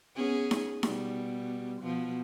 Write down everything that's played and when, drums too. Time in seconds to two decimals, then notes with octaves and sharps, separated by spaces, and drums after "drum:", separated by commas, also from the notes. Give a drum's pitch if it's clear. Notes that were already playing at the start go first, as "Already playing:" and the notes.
0.15 B3 C#4 G#4
0.51 drum: snare D#4
0.83 B2 G3, drum: snare D#4
1.82 B2 F3